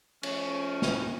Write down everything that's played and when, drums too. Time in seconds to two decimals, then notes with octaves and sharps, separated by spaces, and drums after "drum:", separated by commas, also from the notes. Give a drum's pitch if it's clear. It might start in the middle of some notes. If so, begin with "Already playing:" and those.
0.23 F3 A3 C#4, drum: cymbal
0.82 drum: snare